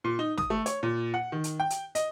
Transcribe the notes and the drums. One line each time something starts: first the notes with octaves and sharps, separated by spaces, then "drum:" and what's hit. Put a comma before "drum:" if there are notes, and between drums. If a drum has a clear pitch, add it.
A#2
D#4
D#6, drum: snare
A3
C#5, drum: hi-hat
A#2
F#5
D#3
drum: hi-hat
G5
drum: hi-hat
D#5, drum: hi-hat